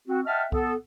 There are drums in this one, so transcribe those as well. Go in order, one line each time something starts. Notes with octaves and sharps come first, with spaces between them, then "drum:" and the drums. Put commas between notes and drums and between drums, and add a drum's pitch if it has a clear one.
C4 F#4
D#5 E5 F#5 G5 A5 F6
B3 A4, drum: kick C2